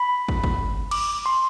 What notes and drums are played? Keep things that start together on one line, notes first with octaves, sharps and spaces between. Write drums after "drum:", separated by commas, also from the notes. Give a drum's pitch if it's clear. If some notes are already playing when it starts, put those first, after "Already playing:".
Already playing: B5
drum: kick
drum: kick
D6, drum: cymbal
C6